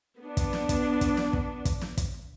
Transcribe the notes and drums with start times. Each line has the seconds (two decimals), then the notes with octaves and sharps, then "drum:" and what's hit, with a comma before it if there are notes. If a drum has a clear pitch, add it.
0.21 B3 D4
0.37 drum: kick, hi-hat
0.53 drum: snare
0.69 drum: kick, hi-hat
1.01 drum: kick, hi-hat
1.17 drum: snare
1.33 drum: kick
1.65 drum: kick, hi-hat
1.81 drum: snare
1.97 drum: kick, hi-hat